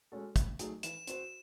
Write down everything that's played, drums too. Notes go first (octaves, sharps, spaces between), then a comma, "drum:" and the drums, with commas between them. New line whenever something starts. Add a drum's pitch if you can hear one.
G#3 C#4 F#4 A4
A2, drum: kick, hi-hat
F#3 A3 D#4 G#4, drum: hi-hat
E3 E7, drum: hi-hat
C4 F#4 C5, drum: hi-hat